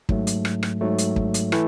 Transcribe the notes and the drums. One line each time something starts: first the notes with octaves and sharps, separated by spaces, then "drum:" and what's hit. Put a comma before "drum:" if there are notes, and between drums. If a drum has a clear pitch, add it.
G#2 F#3 A3, drum: kick
drum: hi-hat
drum: rim click
drum: rim click
G#2 F#3 A3
drum: hi-hat
drum: kick
drum: hi-hat
E3 A3 E4, drum: rim click